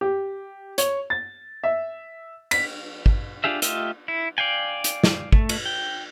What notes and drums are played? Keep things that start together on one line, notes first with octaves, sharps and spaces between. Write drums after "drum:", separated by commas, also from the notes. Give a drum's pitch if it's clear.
G4
C#5, drum: hi-hat
A6
E5
B6, drum: cymbal
drum: kick
D4 F4 G4 G#4 E5
A3 F4 G4 D#5 E5, drum: hi-hat
E4
D5 F5 G5 G#5
drum: hi-hat
drum: snare
A3, drum: kick
drum: cymbal
G5